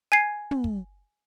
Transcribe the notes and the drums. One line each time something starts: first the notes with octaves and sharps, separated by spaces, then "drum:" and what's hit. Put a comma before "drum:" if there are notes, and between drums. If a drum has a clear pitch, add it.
G#5 G#6 C7
drum: tom
drum: kick